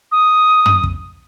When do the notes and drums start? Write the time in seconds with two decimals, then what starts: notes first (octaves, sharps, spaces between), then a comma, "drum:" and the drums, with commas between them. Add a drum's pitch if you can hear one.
0.12 D#6
0.66 drum: tom
0.84 drum: kick